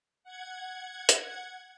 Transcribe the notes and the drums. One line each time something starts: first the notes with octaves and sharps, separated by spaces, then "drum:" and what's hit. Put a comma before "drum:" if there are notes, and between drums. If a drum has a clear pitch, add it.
F#5 G#6
drum: hi-hat